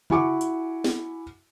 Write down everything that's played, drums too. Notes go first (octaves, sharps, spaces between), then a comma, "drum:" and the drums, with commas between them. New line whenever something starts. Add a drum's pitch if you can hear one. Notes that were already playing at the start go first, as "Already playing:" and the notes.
E4 F#4 G#5 C#6 D6, drum: tom C#3
drum: hi-hat
drum: snare